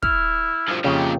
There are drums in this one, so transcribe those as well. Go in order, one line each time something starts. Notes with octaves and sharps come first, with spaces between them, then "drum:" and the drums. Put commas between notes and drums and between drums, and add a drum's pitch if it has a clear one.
E4 F6, drum: kick
G2 F3
F2 A#2 C#3 G4